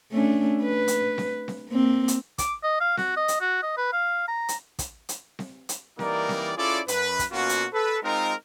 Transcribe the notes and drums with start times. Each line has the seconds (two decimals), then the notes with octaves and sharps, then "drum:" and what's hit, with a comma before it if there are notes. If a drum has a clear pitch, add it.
0.12 A3 C#4 D4
0.62 B4
0.88 drum: hi-hat
1.18 drum: snare C4
1.48 drum: snare C4
1.69 A#3 C4
2.08 drum: hi-hat
2.38 D6, drum: kick, hi-hat
2.63 D#5
2.80 F5
2.97 F#4, drum: snare C4
3.17 D#5
3.28 drum: hi-hat
3.41 F#4
3.62 D#5
3.77 B4
3.92 F5
4.28 A#5
4.49 drum: hi-hat
4.79 drum: kick, hi-hat
5.09 drum: hi-hat
5.39 drum: snare C4
5.69 drum: hi-hat
5.99 E3 G3 A#3 D#4 A#4 D5, drum: snare C4
6.29 drum: snare C4
6.57 C#4 E4 F4 G#4 A4 D5
6.88 F#2 B4, drum: hi-hat
7.19 drum: kick, hi-hat
7.32 B2 A#3 C#4 F4 F#4
7.49 drum: hi-hat
7.74 A4 B4
8.03 G#3 C4 D#4 F4 A#4